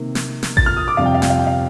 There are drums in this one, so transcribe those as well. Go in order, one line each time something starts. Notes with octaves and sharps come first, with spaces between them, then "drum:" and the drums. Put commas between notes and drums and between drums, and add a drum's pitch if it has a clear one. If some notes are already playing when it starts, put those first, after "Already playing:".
Already playing: C3 D#3 A#3
drum: snare
drum: snare
A6, drum: kick A1
F6
D#6
D6
F2 C3 G3 F5
G5
F5
G5, drum: snare
F5
G5
F5